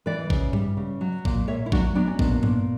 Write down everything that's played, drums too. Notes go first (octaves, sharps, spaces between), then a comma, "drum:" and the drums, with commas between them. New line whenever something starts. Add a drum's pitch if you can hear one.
E3 B4 D5
C#3, drum: kick A1
G3, drum: tom G2
C#3
F#3
A#2, drum: kick A1
A#2 C#5 E5
E4
F#3 D4 F#4, drum: kick A1
F#3 B3 D4
C#4
A#2 B3 D4, drum: kick A1
A#2, drum: tom G2